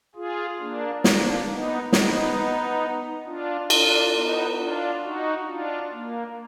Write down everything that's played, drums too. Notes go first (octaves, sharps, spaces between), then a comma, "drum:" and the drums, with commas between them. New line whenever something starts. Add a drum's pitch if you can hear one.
F4 G#4
A#3 D4
A#3 D4, drum: snare
B3 D#4
B3 D#4, drum: snare
D4 F4
D4 F4, drum: cymbal
B3 D#4
D4 F4
D#4 F#4
D4 F4
A#3